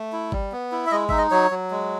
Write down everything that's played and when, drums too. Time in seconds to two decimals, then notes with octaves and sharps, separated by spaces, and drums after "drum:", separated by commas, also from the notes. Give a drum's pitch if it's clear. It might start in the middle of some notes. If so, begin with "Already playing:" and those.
Already playing: A3
0.13 E4
0.32 G3, drum: kick G#1
0.52 B3
0.72 E4
0.86 E5
0.91 G#3 D#5
1.09 D#4 E5, drum: kick G#1
1.18 D#5
1.31 F#3 C#5
1.51 F#3
1.71 G#3